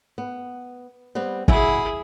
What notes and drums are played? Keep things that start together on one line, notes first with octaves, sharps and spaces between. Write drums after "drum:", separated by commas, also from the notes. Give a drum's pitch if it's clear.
B3
G3 B3 C4
B2 E4 G#4 E5 G#5, drum: kick